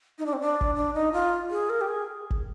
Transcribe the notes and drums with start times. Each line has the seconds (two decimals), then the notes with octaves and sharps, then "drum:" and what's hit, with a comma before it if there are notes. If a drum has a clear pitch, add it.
0.19 D#4
0.26 D4
0.33 C4
0.41 D4
0.61 drum: kick G1
0.75 D4
0.94 D#4
1.13 F4
1.50 G#4
1.70 A#4
1.81 G4
1.88 G#4
2.31 drum: kick G1